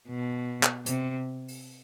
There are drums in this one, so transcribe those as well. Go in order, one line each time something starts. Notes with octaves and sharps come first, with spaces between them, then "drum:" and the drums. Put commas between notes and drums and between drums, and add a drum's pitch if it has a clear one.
B2
drum: clap
C3, drum: hi-hat
drum: open hi-hat